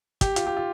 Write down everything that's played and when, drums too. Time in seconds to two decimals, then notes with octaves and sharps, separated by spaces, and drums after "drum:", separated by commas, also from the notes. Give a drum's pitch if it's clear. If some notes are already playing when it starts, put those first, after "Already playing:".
0.21 G4, drum: kick, hi-hat
0.36 F4, drum: hi-hat
0.46 G4
0.57 F4